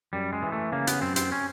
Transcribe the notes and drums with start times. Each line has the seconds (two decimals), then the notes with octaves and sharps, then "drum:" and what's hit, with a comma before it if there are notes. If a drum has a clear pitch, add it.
0.13 F#2 G3
0.33 G#3
0.43 E3
0.52 A3
0.72 C#3 A#3
0.87 B3, drum: hi-hat
1.01 F#2 C4
1.16 C4, drum: hi-hat
1.32 C#4